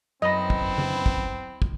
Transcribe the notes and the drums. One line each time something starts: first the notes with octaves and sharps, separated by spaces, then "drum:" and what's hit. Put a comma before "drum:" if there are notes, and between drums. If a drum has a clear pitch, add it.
F#2 B3 C4 E4 D#5 B5
drum: kick
drum: tom C#3
drum: kick
drum: kick